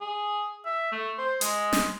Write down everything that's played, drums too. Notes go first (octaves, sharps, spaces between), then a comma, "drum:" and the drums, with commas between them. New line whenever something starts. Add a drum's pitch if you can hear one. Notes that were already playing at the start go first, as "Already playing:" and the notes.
G#4
E5
A3
C5
G#3, drum: hi-hat
drum: snare